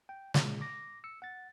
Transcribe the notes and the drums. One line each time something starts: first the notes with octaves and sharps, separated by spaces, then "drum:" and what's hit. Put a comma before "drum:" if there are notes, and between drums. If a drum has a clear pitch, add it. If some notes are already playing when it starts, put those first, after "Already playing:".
G5
A#2 C#3 G#3, drum: snare
D6 A#6
E6 C#7
F#5 A6